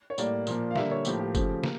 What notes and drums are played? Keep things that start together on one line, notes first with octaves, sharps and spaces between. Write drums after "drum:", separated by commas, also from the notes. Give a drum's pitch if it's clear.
C#5
A2 G3 A#3 D5, drum: tambourine
A#2 F3 A#3, drum: tambourine
F5
D3 G3 A#3 E5, drum: snare
C#5
A2 F3 A#3 G4, drum: tambourine
G4
C#3 F3 A3, drum: kick F#1, tambourine
A#3, drum: snare